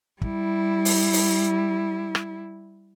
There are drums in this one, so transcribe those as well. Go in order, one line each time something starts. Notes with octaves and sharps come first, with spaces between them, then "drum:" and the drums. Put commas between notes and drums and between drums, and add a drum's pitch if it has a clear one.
G3 E4, drum: kick
drum: open hi-hat
drum: open hi-hat
drum: rim click